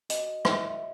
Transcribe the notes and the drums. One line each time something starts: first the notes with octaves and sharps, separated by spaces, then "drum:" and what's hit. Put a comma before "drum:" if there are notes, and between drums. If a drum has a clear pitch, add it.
F#4 D#5, drum: hi-hat
A#4 C#5 E5, drum: rim click
E5